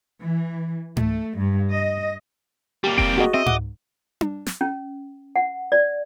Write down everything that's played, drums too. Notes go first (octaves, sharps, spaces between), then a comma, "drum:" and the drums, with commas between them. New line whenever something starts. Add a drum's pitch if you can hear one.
E3
A3, drum: tom G#2
G2
D#5
G3 A#3 G4
C4 G5, drum: kick F1
F#4 G#4 D#5
C4 D#5 E5
F#5 D6, drum: tom G#2
drum: tom D4
drum: snare
C#4
F#5
D5